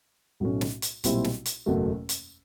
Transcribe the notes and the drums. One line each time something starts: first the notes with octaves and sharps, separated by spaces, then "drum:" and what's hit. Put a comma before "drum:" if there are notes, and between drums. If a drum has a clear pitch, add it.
B1 A2 F#3 A3 C#4
drum: snare
drum: hi-hat
B1 A#2 G3 C4 E4, drum: hi-hat
drum: snare
drum: hi-hat
F#1 E2 B2 F#3 A3
drum: hi-hat